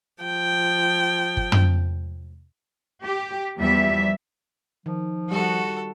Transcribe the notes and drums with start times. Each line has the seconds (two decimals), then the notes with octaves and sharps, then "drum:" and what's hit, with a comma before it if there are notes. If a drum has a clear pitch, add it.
0.23 F3 G5
1.37 drum: kick G1
1.52 drum: tom
3.04 G4
3.57 E2 F3 G3 B3 E5
4.86 D#3 F3
5.31 G3 F#4 A4